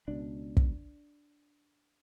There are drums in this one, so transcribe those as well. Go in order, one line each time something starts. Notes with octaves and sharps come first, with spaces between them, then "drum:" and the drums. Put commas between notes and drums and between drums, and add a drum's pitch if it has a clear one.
C#2 B2 D4
drum: kick